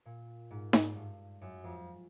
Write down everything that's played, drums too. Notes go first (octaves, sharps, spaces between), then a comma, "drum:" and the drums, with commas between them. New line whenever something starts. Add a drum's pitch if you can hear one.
A#2
G#2
G#2, drum: snare D#4
G2
F#2
F2